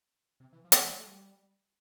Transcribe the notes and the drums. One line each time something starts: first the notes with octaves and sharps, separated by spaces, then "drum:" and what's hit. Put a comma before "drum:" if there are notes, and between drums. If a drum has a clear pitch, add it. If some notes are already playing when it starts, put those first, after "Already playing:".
C3
E3
F3
E3, drum: hi-hat
F3
G3
A3
G3